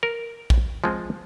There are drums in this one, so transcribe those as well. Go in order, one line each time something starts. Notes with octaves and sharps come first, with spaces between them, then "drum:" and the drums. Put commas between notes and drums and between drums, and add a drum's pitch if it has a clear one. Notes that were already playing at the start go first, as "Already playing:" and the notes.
A#4
drum: kick A#1
F3 G#3 C4